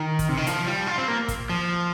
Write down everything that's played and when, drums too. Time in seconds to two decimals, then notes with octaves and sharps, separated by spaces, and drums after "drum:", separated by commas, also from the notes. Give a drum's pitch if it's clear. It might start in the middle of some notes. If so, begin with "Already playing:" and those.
Already playing: D#3
0.19 drum: kick, hi-hat
0.29 C3
0.37 D#3
0.47 F3, drum: hi-hat
0.67 G3
0.87 F4
0.98 C4
1.08 A#3
1.28 drum: kick, hi-hat
1.49 F3